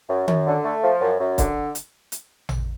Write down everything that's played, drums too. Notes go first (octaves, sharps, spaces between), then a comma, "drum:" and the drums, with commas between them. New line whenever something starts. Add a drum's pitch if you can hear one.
F#2
F#2, drum: tom D#3
D3
A3
F3
F#2
F#2
D3, drum: kick, hi-hat
drum: hi-hat
drum: hi-hat
drum: tom A1